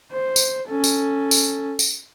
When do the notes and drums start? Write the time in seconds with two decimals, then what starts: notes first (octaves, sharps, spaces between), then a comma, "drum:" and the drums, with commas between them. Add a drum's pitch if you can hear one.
0.12 C5
0.36 drum: tambourine
0.69 C#4 A4
0.84 drum: tambourine
1.31 drum: tambourine
1.79 drum: tambourine